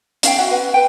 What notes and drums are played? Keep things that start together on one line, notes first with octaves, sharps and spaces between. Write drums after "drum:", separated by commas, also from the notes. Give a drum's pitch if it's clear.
C#4 F5 G5, drum: hi-hat
F#4 E5 F#5
B4 F#5
B4 G5